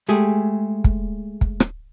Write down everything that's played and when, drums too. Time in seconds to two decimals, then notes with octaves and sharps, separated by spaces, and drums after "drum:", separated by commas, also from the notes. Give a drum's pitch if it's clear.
0.09 G#3 A3 G4 G#4
0.84 drum: kick
1.41 drum: kick
1.60 drum: rim click